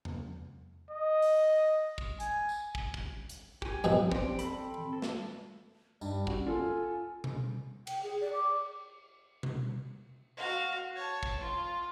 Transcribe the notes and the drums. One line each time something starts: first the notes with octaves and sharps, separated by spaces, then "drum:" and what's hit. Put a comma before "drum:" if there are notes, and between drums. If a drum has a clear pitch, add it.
drum: tom E2
D#5
drum: open hi-hat
drum: kick
G#5, drum: hi-hat
drum: tambourine
drum: kick
drum: kick
drum: hi-hat
G4 G#5, drum: kick
F#2 B2 F3, drum: tambourine
C4 G4 D5, drum: kick
C4 A4 B5, drum: hi-hat
A4
drum: snare
G2 D5, drum: tambourine
C#4 F#4, drum: kick
F4 A4 G#5
drum: tom B2
G5, drum: cymbal
G#4
D5
D6
drum: tom B2
F#4 F5
C#5 A5
drum: kick
F4